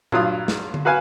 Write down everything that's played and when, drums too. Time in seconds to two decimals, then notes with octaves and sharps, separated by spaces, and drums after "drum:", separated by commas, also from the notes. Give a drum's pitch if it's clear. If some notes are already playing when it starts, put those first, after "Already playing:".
0.12 G2 F#3 F4 D#6, drum: tom A#2
0.48 drum: snare
0.74 drum: tom D3
0.85 F#4 B4 F5 G#5